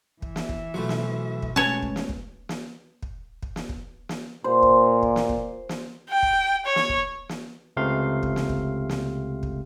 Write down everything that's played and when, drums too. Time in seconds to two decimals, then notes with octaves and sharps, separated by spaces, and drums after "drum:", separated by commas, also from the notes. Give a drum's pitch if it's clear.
0.22 E3 E5, drum: kick
0.36 drum: snare
0.49 drum: kick
0.74 B2 F3 F#3 A3
0.89 drum: snare
1.42 drum: kick
1.56 G#3 A3 C#4 B4 C#5 G#5 A5
1.82 drum: kick
1.96 drum: snare
2.09 drum: kick
2.49 drum: snare
3.02 drum: kick
3.43 drum: kick
3.56 drum: snare
3.69 drum: kick
4.09 drum: snare
4.44 A#2 C5
4.63 drum: kick
5.03 drum: kick
5.16 drum: snare
5.29 drum: kick
5.69 drum: snare
6.10 G5
6.23 drum: kick
6.66 C#5
6.76 drum: snare
6.89 drum: kick
7.29 drum: snare
7.77 C#2 C3 A3 F5 C6
8.23 drum: kick
8.36 drum: snare
8.49 drum: kick
8.89 drum: snare
9.43 drum: kick